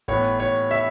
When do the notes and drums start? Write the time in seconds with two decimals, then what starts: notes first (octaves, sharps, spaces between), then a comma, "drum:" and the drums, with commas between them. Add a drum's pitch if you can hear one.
0.08 A2 E3 B3 C#5, drum: kick G1, hi-hat
0.24 drum: hi-hat
0.40 C#5, drum: hi-hat
0.56 drum: hi-hat
0.71 E5